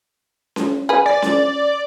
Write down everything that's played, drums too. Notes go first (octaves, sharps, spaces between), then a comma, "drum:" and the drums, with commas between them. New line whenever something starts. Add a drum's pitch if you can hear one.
drum: snare C#4
G#4 B4
D5
drum: snare C#4